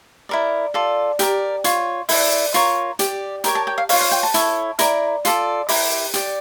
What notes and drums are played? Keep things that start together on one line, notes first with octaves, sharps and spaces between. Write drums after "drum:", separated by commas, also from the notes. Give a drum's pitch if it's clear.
E4 A#4 D5
F4 A4 D5
G4 A#4 D5, drum: hi-hat
F4 C#5, drum: hi-hat
E4 A4 D5, drum: open hi-hat
F4 A#4 C#5 C#6, drum: hi-hat
G4 D5, drum: hi-hat
G4 A#4 C#5 A#5, drum: hi-hat
A5
G5
F5
F4 C#5 F5, drum: open hi-hat
F5
G5
A5
E4 A4 C#5, drum: hi-hat
E4 A#4 D5 A#5, drum: hi-hat
F4 A4 D5, drum: hi-hat
E4 G4 A#4 D6, drum: open hi-hat
G4 D5, drum: hi-hat